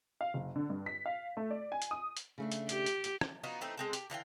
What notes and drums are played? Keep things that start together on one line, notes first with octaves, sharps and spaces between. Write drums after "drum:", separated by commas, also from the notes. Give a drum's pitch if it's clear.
F5
F#1
D3
G2
B6
F5
A3
D5
G#5
drum: hi-hat
D#6
drum: hi-hat
C#3 A3 D4
drum: hi-hat
G4, drum: hi-hat
drum: hi-hat
drum: hi-hat
drum: rim click
B3 D#4 F4 F#4
E3 A3 C4 D#4
G#3 C4 A4
G4, drum: hi-hat
D3 E3 F5 G5